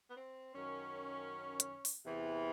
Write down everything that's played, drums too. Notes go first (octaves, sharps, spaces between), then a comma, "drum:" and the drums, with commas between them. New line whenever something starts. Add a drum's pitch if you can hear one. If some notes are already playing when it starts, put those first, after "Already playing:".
B3
C4
F#2 D#3 C#4
drum: hi-hat
drum: open hi-hat
E2 C3 E3